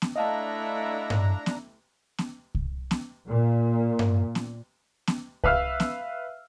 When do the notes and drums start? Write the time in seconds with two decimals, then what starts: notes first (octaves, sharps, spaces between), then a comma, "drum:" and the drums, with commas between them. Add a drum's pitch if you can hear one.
0.02 drum: snare B3
0.16 A3 D4 E4 D#5 F5 A5 A#5
1.10 drum: tom G2
1.46 drum: snare B3
2.18 drum: snare B3
2.55 drum: kick C2
2.91 drum: snare B3
3.29 A#2
3.99 drum: tom G2
4.35 drum: snare B3
5.07 drum: snare B3
5.44 B4 E5 F5 E6 F6, drum: kick C2
5.80 drum: snare B3